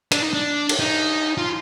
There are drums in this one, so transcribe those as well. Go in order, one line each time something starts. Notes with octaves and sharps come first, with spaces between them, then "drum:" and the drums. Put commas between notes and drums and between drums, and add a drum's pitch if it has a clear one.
D4, drum: hi-hat
D#4
D4
drum: cymbal
D#4
F4